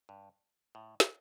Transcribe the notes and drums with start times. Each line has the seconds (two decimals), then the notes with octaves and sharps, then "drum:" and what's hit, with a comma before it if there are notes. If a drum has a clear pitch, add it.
0.09 G2
0.75 A2
1.00 drum: snare